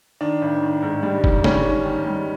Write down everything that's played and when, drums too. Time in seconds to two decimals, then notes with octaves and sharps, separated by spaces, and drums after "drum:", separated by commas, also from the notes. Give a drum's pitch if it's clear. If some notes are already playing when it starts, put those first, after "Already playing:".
0.21 D#3 D4
0.42 A1
0.62 D#3
0.82 G#2
1.03 G3
1.24 D#3, drum: kick F#1
1.44 G3 C#4, drum: snare
1.65 D#3
1.85 D#3
2.06 G3